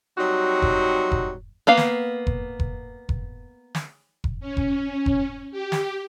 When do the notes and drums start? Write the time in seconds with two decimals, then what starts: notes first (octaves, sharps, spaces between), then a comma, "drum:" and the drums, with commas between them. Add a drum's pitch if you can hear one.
0.18 F#3 G3 C4 D#4 F#4
0.62 drum: kick F1
1.12 drum: kick F1
1.67 A#3 B3 F5
1.77 drum: snare
2.27 drum: kick F1
2.60 drum: kick F1
3.09 drum: kick F1
3.75 drum: snare
4.24 drum: kick F1
4.40 C#4
4.57 drum: kick F1
5.06 drum: kick F1
5.52 G4
5.72 drum: snare